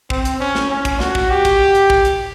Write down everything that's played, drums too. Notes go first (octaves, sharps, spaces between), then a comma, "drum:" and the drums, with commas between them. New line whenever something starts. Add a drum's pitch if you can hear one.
C4, drum: kick
drum: hi-hat
C#4
drum: snare
C#4
drum: kick, hi-hat
F#4, drum: snare
drum: kick
G4
drum: kick, hi-hat
drum: hi-hat
drum: kick
drum: hi-hat